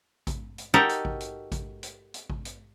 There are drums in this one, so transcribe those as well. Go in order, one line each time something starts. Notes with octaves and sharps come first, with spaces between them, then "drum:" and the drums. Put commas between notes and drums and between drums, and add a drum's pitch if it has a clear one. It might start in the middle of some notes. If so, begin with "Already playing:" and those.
drum: kick A1, hi-hat
drum: hi-hat
D#4 F#4 G4 A4 A#4
drum: hi-hat
drum: kick A1
drum: hi-hat
drum: kick A1, hi-hat
drum: hi-hat
drum: hi-hat
drum: kick A1
drum: hi-hat